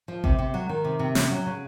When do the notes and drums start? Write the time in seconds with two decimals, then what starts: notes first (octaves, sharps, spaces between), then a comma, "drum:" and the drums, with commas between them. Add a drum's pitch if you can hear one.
0.08 F3
0.24 C3, drum: kick G#1
0.39 C3
0.54 F#3
0.69 D#3
0.84 C3
0.99 C3
1.15 C#4, drum: snare
1.31 F#3
1.46 C#3